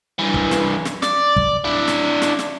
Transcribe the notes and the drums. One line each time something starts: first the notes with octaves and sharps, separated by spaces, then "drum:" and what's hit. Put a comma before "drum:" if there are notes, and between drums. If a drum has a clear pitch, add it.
G2 E3
drum: kick
drum: snare
drum: snare
D5, drum: snare
drum: kick
D4 E4
drum: snare
drum: snare
drum: snare